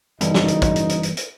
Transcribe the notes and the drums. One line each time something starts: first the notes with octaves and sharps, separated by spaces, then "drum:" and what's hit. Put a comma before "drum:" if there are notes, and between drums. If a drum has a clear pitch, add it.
F#1 E2 G2 D#4 D#5, drum: hi-hat
drum: snare
drum: hi-hat
drum: kick, hi-hat
drum: hi-hat
drum: hi-hat
drum: hi-hat
drum: hi-hat